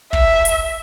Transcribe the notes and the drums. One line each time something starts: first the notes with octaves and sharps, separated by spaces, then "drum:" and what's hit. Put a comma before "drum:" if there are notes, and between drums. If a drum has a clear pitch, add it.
E5, drum: kick
drum: hi-hat